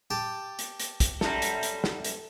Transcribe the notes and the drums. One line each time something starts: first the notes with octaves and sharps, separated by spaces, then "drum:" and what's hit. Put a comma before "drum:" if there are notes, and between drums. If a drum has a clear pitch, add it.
G4 A5
drum: hi-hat
drum: hi-hat
drum: kick, hi-hat
F#2 G3 A4 A#5, drum: snare
drum: hi-hat
drum: hi-hat
drum: snare
drum: hi-hat